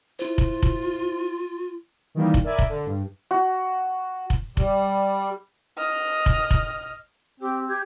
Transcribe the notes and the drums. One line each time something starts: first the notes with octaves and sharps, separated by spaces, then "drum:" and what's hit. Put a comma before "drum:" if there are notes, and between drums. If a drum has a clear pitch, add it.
E4 F4 C5
drum: kick F1
drum: kick F1
D#3 E3 G3 A#3 D#4
drum: kick F1
A#4 D5 E5 G#5 B5
drum: kick F1
D3
G2
F#4
drum: kick F1
G3, drum: kick F1
D#5 F6
drum: kick F1
drum: kick F1
C4 G4
G4 G6 G#6